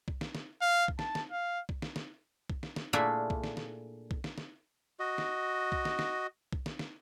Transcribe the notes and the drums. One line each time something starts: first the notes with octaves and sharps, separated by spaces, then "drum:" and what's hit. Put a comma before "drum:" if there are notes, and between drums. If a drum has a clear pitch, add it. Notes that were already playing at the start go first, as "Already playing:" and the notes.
drum: kick B1
drum: snare
drum: snare
F5
drum: kick B1
A5, drum: snare
drum: snare
F5
drum: kick B1
drum: snare
drum: snare
drum: kick B1
drum: snare
drum: snare
A#2 A3 A#3 D4 E4 G#4
drum: kick B1
drum: snare
drum: snare
drum: kick B1
drum: snare
drum: snare
F#4 D#5
drum: snare
drum: kick B1
drum: snare
drum: snare
drum: kick B1
drum: snare
drum: snare